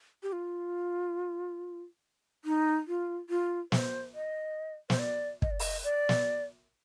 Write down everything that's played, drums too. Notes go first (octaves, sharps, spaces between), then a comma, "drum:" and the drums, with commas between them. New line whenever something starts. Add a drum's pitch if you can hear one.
G4
F4
D#4
F4
F4
C5, drum: snare
D#5
C5, drum: snare
D5
D#5, drum: kick
D5
D#5, drum: open hi-hat
D5
drum: snare